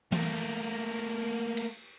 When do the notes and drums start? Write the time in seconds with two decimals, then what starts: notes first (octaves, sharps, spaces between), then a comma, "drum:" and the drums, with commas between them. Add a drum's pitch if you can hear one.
0.12 A3 A#3, drum: tom E3
1.22 drum: open hi-hat
1.57 drum: cymbal